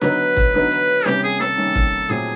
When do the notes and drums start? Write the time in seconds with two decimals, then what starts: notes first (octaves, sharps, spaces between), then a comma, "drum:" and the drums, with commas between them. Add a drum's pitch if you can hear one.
0.01 D3 F#3 B3 D#4 B4, drum: snare
0.37 drum: kick, hi-hat
0.54 D3 F#3 B3 D#4
0.71 drum: hi-hat
1.06 C3 D#3 G3 A#3 C#4 G4, drum: snare
1.24 G#4
1.40 A4, drum: snare
1.57 C3 D#3 G3 A#3 C#4
1.75 drum: kick, hi-hat
2.09 A#2 F#3 A3 C4 G#4, drum: hi-hat